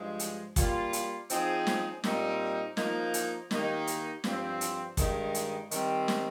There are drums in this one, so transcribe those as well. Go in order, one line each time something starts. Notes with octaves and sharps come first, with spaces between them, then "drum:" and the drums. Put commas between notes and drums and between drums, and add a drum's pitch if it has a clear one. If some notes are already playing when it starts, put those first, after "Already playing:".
Already playing: G2 F3 G#3
drum: hi-hat
G3 A#3 F4, drum: kick, hi-hat
drum: hi-hat
F3 C4 D#4 G#4, drum: hi-hat
drum: snare
A#2 G3 C4 D#4, drum: snare
F3 A#3 D#4, drum: snare
drum: hi-hat
D#3 A#3 D#4 G4, drum: snare
drum: hi-hat
G2 F3 C4, drum: snare
drum: hi-hat
G2 D#3 G#3 D#4, drum: kick, hi-hat
drum: hi-hat
D#3 G3 C4 G4, drum: hi-hat
drum: snare